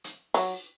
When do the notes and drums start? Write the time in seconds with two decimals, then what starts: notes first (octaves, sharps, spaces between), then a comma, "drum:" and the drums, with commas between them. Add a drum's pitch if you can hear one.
0.04 drum: hi-hat
0.34 F#3, drum: open hi-hat